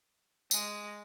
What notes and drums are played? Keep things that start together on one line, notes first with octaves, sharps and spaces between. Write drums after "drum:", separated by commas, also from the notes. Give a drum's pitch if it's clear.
G#3, drum: tambourine